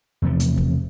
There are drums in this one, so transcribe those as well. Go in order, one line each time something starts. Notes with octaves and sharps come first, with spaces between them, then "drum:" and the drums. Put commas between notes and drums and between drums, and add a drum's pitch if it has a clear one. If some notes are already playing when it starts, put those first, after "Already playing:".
E2 C3 F3 A3
drum: hi-hat
drum: kick